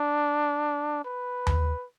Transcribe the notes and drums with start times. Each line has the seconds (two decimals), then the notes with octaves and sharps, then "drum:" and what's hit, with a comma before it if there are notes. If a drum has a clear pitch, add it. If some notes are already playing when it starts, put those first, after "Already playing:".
Already playing: D4
1.05 B4
1.47 drum: tom D#2